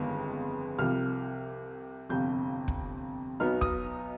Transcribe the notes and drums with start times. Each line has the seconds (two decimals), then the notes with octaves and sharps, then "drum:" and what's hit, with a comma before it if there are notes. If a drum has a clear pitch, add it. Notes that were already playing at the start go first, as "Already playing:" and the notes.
Already playing: G1 F2 D#3 G#3 B3
0.79 C2 C3 F3 F6
2.10 G1 F2 C3 G6
2.68 drum: kick
3.40 B1 B2 B3 D#4 F6
3.61 D#6, drum: kick